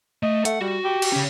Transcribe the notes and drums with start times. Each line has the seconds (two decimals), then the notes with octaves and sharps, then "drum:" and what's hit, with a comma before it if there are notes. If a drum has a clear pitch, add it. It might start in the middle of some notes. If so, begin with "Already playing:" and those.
0.23 A3 D#5
0.45 A3 F#5, drum: hi-hat
0.61 G3 F#4
0.84 G4
1.02 drum: cymbal
1.12 C#3 C#4